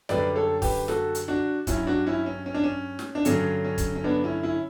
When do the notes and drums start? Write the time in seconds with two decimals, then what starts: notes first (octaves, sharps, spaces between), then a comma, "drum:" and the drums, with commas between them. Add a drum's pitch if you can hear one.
0.09 F#2 D3 G3 B4 D5, drum: snare
0.35 A4 C#5
0.62 G4 B4, drum: kick, open hi-hat
0.88 F#4 A4, drum: snare
1.15 drum: hi-hat
1.28 D4 F#4
1.67 G2 F#3 C#4 E4, drum: kick, hi-hat
1.87 D4 F#4
2.06 C#4 E4
2.26 C#4
2.46 C#4
2.54 D4
2.64 C#4
2.99 drum: snare
3.15 D4
3.25 G2 D3 F#3 C#4, drum: hi-hat
3.64 C#4
3.78 drum: kick, hi-hat
3.95 C#4
4.04 B3 D4
4.24 C#4 E4
4.43 C#4 E4